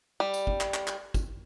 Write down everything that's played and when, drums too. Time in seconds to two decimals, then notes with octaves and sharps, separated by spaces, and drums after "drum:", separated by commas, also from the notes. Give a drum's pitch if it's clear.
0.20 G3
0.34 drum: tambourine
0.47 drum: kick
0.61 drum: clap
0.74 drum: clap
0.88 drum: clap
1.14 drum: kick, tambourine